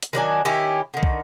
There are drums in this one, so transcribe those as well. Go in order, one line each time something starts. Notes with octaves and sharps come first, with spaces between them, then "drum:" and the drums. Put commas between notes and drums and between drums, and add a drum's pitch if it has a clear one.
drum: hi-hat
D#3 F#3 D4 G#5
D#3 C#4 E4 G4
D3 D#3
drum: kick